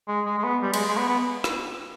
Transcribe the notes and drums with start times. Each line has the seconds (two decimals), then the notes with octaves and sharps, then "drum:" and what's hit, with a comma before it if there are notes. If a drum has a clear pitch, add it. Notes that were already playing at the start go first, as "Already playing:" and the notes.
0.08 G#3
0.26 G#3
0.39 G#3
0.44 B3
0.62 G3
0.74 G#3, drum: cymbal
0.88 G#3
0.97 B3
1.09 B3
1.44 drum: rim click